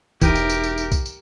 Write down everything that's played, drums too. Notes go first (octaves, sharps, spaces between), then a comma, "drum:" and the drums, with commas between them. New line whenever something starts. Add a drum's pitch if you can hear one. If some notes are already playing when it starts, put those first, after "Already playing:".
E1 E3 D#4 G4 A#4 E5 G5 D#7, drum: kick, tambourine
drum: tambourine
drum: tambourine
drum: tambourine
drum: tambourine
drum: kick, tambourine
drum: tambourine